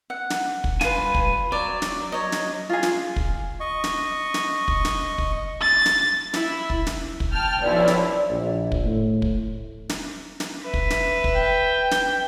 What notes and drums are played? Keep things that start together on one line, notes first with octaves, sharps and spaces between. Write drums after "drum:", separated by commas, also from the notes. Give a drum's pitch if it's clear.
F#5
drum: snare
drum: kick
G2 F4 B4 G#5, drum: snare
drum: kick
F#3 D5
drum: snare
C#5 D#5
drum: snare
F4 G#4
drum: snare
drum: kick
D#5 C#6
drum: snare
drum: snare
drum: kick
drum: snare
drum: kick
A6
drum: snare
E4, drum: snare
drum: kick
drum: snare
drum: kick
G5 A5 F6
B1 F3 E4 D5
drum: snare
A#1
drum: kick
A2
drum: kick
drum: snare
drum: snare
B4 E5
drum: kick
drum: snare
drum: kick
G5
drum: snare